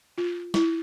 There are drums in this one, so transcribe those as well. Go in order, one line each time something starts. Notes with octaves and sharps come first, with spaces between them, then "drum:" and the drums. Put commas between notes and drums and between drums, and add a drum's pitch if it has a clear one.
F4
E4, drum: snare